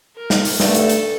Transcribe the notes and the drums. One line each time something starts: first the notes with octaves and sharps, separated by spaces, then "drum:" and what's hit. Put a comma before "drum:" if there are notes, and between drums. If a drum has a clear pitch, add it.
A#4
drum: snare
drum: open hi-hat
G2 D3 A3 A4, drum: snare
drum: hi-hat
drum: hi-hat